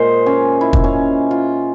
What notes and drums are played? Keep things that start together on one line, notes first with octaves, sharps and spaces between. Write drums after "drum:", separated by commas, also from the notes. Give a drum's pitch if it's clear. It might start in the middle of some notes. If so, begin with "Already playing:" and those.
Already playing: A#2 G#3 C5
C#4
E4
drum: kick
C#4
F4